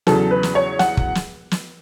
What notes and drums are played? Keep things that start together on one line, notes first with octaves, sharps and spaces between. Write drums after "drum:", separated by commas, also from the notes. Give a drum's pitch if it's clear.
E2 C#3 F#3 A4, drum: snare
B4
drum: snare
C#5
F#5, drum: snare
drum: kick
drum: snare
drum: snare